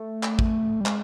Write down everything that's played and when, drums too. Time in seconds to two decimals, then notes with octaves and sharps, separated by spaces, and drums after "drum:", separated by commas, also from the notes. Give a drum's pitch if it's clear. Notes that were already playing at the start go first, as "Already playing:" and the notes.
Already playing: A3
0.23 drum: clap
0.39 drum: kick
0.81 G3
0.86 G#3, drum: clap